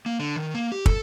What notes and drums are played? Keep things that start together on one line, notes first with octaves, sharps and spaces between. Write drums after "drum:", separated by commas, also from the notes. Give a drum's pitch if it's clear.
A#3
D3
D#3
A#3
G4
A4, drum: kick